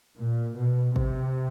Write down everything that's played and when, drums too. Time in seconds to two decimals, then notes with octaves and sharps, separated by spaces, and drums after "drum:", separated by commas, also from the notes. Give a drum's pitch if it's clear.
0.19 A#2
0.58 B2
0.96 C3, drum: kick G#1